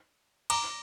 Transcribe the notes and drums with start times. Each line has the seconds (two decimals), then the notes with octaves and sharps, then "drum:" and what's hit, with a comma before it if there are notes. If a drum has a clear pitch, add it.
0.50 A#5 D6, drum: cymbal